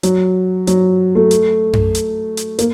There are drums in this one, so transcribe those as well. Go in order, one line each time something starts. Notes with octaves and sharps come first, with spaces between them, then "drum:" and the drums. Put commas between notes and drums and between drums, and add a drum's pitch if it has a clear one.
F#3, drum: hi-hat
F#3, drum: hi-hat
A3
drum: hi-hat
drum: tom F#2
drum: hi-hat
drum: hi-hat
A#3, drum: hi-hat